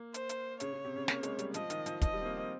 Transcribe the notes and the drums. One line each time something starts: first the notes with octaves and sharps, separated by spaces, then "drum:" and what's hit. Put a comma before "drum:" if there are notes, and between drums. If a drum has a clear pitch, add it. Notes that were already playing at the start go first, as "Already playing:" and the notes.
Already playing: A#3
C5, drum: hi-hat
drum: hi-hat
C#3 C#5, drum: hi-hat
C#3
C3
C#3
A#3, drum: snare
G#3, drum: hi-hat
G3, drum: hi-hat
F3 D#5, drum: hi-hat
D#3, drum: hi-hat
F3, drum: hi-hat
F3 D#5, drum: kick, hi-hat
G3
C4
A#3
C4